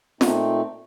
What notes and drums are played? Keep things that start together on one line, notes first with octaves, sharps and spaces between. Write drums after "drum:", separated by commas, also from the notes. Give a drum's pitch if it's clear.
A#2 A3 C4 D#4, drum: snare